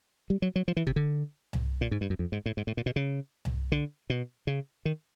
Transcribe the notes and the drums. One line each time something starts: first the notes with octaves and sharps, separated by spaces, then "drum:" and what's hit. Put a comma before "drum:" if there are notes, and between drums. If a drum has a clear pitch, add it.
G3
F#3
F#3
F3
E3
C3, drum: kick
D3
drum: tom C2
A#2
G#2
G2
F#2
F2
G#2
A2
G#2
A2
A#2
B2
C#3
drum: tom C2
D3
B2
C#3
D#3